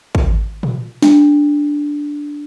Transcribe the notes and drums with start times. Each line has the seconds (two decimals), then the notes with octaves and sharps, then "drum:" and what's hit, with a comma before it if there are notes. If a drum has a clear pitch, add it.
0.15 drum: kick
0.63 drum: tom A#2
1.02 D4, drum: snare